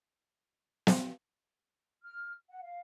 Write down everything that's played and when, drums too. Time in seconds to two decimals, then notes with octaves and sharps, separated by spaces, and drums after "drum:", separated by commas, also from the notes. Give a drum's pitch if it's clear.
0.87 drum: snare
2.03 F6
2.50 F#5
2.62 F5